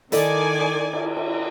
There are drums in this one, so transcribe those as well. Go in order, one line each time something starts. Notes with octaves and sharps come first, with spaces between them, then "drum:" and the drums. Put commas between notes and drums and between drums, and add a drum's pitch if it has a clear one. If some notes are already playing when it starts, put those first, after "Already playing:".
D#3 E4 A4 D5 D#5 G#5, drum: hi-hat
drum: cymbal
drum: cymbal